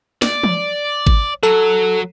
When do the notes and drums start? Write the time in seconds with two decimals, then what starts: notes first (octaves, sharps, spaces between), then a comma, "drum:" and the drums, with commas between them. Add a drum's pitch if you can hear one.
0.22 D5, drum: snare
0.43 drum: tom E3
1.07 drum: kick G#1
1.43 F#3 A4, drum: tambourine